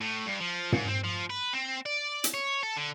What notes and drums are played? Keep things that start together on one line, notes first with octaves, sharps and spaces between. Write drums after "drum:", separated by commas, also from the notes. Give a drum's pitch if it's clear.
A2
G2
F3
G#2, drum: tom
C4
F3
B4
C4
D5
drum: hi-hat
C#5
A4
D3